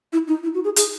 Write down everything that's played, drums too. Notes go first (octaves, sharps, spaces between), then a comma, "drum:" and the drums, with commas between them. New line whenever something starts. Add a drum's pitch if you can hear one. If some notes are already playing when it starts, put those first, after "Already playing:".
E4
D#4
E4
F#4
G#4
G#4, drum: hi-hat